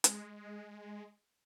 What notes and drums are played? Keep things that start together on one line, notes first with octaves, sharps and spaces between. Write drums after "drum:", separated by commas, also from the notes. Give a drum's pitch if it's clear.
G#3, drum: hi-hat